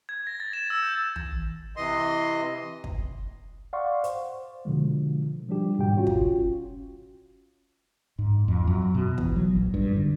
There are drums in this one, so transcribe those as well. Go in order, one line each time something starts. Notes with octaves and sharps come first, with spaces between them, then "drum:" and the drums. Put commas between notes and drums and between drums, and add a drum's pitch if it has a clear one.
G#6
A#6
A6
E7
E6
G6
drum: tom
C3 E3 D#5 C6
drum: kick
D5 F5 F#5 C6 C#6
C5, drum: hi-hat
B2 D3 F3 G#3
F3 G3 D4 G4
G#2 B2 D#3 G3 G4 G5
C#4 F4 F#4 C#5
drum: kick
G#2
F2
F#2
B2
E3, drum: kick
F#3
A#1
G2
D3